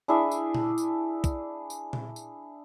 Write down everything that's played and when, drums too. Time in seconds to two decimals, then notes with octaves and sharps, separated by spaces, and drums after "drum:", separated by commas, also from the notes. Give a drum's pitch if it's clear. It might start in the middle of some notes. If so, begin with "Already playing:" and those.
0.08 D4 E4 G#4 E5
0.31 drum: tambourine
0.55 drum: tom A#2
0.78 drum: tambourine
1.24 drum: kick, tambourine
1.70 drum: tambourine
1.93 drum: tom A#2
2.16 drum: tambourine